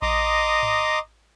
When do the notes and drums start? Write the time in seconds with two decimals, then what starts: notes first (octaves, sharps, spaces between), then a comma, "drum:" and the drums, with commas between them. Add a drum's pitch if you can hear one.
0.02 D#5 A#5 C6 D6 D#6, drum: kick A#1
0.63 drum: tom G#2